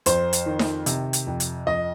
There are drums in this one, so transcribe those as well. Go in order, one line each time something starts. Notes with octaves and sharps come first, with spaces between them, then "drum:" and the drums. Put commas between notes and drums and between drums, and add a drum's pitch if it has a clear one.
F2 C5, drum: hi-hat
drum: hi-hat
D#3
drum: snare D#4
C3, drum: hi-hat
drum: hi-hat
F2
drum: hi-hat
F2 D#5